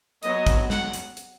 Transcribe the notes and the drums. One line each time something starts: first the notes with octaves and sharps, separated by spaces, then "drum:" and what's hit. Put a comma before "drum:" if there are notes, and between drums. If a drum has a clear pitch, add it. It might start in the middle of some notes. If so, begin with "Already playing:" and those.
F#3 B3 D#5, drum: hi-hat
drum: kick, hi-hat
F#5, drum: snare
drum: hi-hat
drum: hi-hat